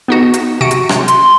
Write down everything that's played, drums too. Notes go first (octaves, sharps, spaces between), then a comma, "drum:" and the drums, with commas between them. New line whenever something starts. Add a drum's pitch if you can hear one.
B3 D#4 F#4
drum: hi-hat
C3 F#4 D7
drum: hi-hat
drum: rim click
C6, drum: hi-hat